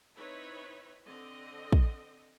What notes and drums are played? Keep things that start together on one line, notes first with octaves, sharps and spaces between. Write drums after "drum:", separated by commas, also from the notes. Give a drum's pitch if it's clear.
C4 D#4 E4 B4 C#5 B5
D3 C4 D#5
drum: kick